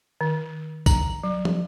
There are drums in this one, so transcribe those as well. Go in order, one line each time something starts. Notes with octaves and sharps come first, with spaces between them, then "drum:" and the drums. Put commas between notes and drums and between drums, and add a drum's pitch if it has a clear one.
D#3
A#5, drum: kick, tambourine
F#3
drum: tom